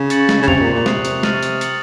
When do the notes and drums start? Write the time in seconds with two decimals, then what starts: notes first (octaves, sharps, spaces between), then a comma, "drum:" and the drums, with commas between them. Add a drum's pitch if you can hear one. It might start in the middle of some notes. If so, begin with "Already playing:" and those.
Already playing: C#3
0.10 C#6 A6 C#7 F#7, drum: hi-hat
0.29 drum: snare
0.42 C#3
0.48 C3 A6 C#7 F7, drum: tom E2
0.61 A#2
0.74 A#2
0.86 C3 D#6 F#6 C7 F#7, drum: snare
1.05 drum: hi-hat
1.23 C#6 F6 A6 D#7 F#7, drum: snare
1.43 drum: hi-hat
1.61 A6 C#7 F#7, drum: hi-hat